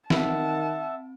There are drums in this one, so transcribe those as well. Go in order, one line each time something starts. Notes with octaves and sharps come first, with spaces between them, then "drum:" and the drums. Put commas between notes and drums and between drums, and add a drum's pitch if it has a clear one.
D#3 C4 E5 F#5 A5, drum: snare